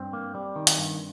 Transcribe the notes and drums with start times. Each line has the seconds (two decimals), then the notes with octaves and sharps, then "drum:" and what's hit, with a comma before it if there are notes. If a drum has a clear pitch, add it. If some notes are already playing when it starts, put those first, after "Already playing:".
Already playing: G2 C4
0.13 A#3
0.35 G3
0.56 D#3
0.67 drum: hi-hat
0.78 G2